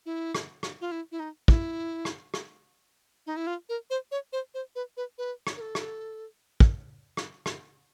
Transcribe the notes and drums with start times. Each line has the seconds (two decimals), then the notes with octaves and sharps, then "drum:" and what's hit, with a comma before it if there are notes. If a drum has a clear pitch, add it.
0.06 E4
0.35 drum: rim click
0.63 drum: rim click
0.81 F4
0.92 E4
1.12 E4
1.20 D#4
1.48 E4, drum: kick
2.05 drum: rim click
2.34 drum: rim click
3.27 D#4
3.37 E4
3.47 F4
3.69 A#4
3.90 C5
4.11 C#5
4.33 C5
4.54 C5
4.76 B4
4.97 B4
5.18 B4
5.47 drum: rim click
5.57 A#4
5.61 A4
5.75 drum: rim click
6.60 drum: kick
7.17 drum: rim click
7.46 drum: rim click